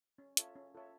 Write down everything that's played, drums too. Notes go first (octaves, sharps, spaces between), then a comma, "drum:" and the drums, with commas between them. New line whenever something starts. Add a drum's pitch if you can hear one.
C#4
F4 A4 C#5 E5, drum: hi-hat
C#4
F4 A4 C#5 E5